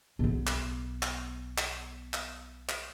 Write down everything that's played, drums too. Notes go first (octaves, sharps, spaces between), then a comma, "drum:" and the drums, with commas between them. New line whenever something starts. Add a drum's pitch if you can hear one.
B1 B3
drum: clap
drum: clap
drum: clap
drum: clap
drum: clap